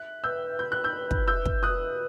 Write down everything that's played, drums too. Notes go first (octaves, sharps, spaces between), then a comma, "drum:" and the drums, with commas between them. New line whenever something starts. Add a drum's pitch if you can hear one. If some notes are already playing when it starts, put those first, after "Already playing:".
Already playing: E5 F#6
B4 E6 G6
B5 G6
F#6
E6 G6
B4
drum: kick
E5 E6 G6
drum: kick
B4 D#6 F#6